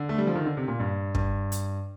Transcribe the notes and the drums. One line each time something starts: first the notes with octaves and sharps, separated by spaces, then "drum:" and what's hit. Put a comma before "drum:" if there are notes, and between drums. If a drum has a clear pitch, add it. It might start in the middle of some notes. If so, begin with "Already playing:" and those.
Already playing: D3
A3
G3
F3
D#3
D3
C3
A#2
G2
G2, drum: kick
drum: hi-hat